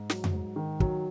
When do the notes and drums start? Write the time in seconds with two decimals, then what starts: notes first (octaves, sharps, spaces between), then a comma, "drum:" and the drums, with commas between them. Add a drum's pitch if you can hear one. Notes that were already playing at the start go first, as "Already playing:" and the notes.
Already playing: G#2
0.10 F#3, drum: snare
0.24 drum: tom F2
0.33 G#2
0.56 D#3
0.80 F#3, drum: kick